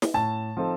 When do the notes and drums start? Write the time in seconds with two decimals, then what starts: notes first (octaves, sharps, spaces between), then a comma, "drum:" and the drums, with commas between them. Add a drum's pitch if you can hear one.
0.02 drum: snare
0.14 A2 A5
0.57 F3 C4 D#4 A4